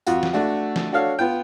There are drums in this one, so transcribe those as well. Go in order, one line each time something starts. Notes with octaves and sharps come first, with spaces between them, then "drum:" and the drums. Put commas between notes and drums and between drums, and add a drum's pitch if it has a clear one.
F2 F4 F#4, drum: tambourine
drum: snare
A3 D4 F#4 F#5
drum: snare
D4 F#4 A4 C#5 F5
B3 F4 G5